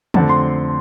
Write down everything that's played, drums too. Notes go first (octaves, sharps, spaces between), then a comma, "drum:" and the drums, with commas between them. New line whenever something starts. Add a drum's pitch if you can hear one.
F2 D3 A3 C4 A5, drum: tom
C6